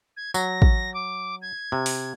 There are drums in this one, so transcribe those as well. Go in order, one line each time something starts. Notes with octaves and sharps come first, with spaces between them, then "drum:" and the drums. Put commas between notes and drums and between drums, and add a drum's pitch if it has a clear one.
G#6
F#3 A#6, drum: tambourine
drum: kick
D6
G#6
C3
drum: open hi-hat